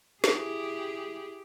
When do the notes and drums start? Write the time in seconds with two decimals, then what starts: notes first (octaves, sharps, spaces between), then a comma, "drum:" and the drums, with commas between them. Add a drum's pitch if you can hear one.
0.24 E4 G4 G#4, drum: snare